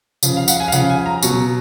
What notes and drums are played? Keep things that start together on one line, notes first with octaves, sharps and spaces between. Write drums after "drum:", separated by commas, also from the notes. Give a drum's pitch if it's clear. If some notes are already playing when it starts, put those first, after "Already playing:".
C#3 F3, drum: tambourine
F5
F#5, drum: tambourine
G#5
F5
C#3 F3 F#5, drum: tambourine
G#5
A#5
B2 F#3 C#6, drum: tambourine